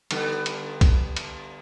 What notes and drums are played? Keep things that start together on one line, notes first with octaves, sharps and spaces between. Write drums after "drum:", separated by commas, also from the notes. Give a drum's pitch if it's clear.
D3 G3 B3, drum: cymbal
drum: cymbal
drum: kick B1, cymbal
drum: cymbal